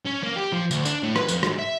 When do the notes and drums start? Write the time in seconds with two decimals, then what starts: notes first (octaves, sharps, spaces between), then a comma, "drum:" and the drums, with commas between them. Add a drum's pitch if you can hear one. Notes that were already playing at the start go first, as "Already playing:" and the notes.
0.05 C#4
0.23 A#3
0.36 G4
0.52 F3
0.71 D2, drum: tambourine
0.85 D4, drum: tambourine
1.03 A2
1.16 B4, drum: rim click
1.28 F2, drum: tambourine
1.43 G#2, drum: rim click
1.59 E5